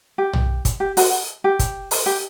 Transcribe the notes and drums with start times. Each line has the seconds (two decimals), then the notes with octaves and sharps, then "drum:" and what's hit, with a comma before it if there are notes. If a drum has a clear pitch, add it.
0.18 G4
0.33 drum: tom
0.65 drum: kick, hi-hat
0.80 G4
0.97 F#4, drum: open hi-hat
1.44 G4
1.59 drum: kick, hi-hat
1.91 drum: open hi-hat
2.06 G4